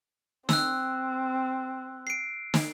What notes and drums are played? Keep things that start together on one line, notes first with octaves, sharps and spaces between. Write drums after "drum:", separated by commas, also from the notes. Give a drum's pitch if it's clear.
C4 E6 F#6, drum: snare
C7 D7
drum: snare